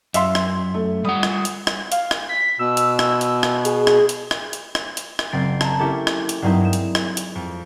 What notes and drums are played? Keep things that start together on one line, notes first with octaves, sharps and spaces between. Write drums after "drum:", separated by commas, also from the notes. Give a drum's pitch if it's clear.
F#2 E5 F5 C6, drum: hi-hat
drum: rim click
A3
G3 F#5 D#6
drum: rim click
drum: hi-hat
drum: rim click
F5, drum: hi-hat
drum: rim click
B6
B2 E6
drum: hi-hat
drum: rim click
drum: hi-hat
drum: rim click
G#4, drum: hi-hat
drum: rim click
drum: hi-hat
drum: rim click
drum: hi-hat
drum: rim click
drum: hi-hat
drum: rim click
F#1 C4 A6 C7 D7
A5 A#5, drum: rim click
A#3 C#4 E4 G4 A4
drum: rim click
drum: hi-hat
G2 F#3 A#3 C4 D#4 E4
G#3 E7
drum: hi-hat
drum: rim click
drum: hi-hat
F2 D7